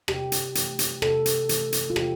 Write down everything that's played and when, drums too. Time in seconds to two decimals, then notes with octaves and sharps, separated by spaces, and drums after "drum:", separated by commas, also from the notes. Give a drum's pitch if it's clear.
0.08 C3 G4, drum: rim click
0.32 drum: hi-hat
0.55 E3 A3, drum: hi-hat
0.79 drum: hi-hat
1.02 C3 A4, drum: rim click
1.26 drum: hi-hat
1.49 E3 A3, drum: hi-hat
1.72 drum: hi-hat
1.90 F4
1.96 C3 G4, drum: rim click